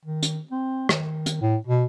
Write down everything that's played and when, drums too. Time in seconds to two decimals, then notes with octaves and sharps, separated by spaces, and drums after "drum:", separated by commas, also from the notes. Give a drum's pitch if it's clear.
0.05 D#3
0.23 drum: hi-hat
0.51 C4
0.89 D#3, drum: rim click
1.26 drum: hi-hat
1.41 A2
1.67 B2